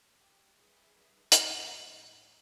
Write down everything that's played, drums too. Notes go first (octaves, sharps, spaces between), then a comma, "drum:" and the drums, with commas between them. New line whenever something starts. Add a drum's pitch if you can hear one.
G4
G3 D#4 G#4 B4 E5
F2 A2 G#3 D4, drum: hi-hat
A2